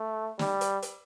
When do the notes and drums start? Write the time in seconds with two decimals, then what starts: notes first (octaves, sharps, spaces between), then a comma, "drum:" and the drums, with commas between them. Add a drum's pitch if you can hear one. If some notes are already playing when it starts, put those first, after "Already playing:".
Already playing: A3
0.39 G3, drum: snare
0.61 drum: hi-hat
0.82 drum: hi-hat